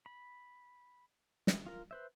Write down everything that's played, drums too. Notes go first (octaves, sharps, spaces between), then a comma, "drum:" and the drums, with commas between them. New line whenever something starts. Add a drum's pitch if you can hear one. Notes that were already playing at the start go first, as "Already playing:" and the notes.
B5
drum: snare
F4 A#4
B4 C5 E5